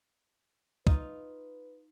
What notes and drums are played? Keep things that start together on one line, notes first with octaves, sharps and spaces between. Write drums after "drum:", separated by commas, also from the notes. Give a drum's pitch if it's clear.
D#4 F4 B4, drum: kick